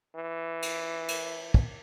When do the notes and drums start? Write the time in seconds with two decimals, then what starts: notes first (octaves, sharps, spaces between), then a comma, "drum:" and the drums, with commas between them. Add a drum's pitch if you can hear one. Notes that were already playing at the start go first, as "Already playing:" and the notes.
0.16 E3
0.62 drum: cymbal
1.08 drum: cymbal
1.54 drum: kick